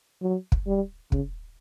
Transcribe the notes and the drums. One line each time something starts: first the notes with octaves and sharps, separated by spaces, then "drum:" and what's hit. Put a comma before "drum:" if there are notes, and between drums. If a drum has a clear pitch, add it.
F#3
drum: kick
G3
C#3, drum: kick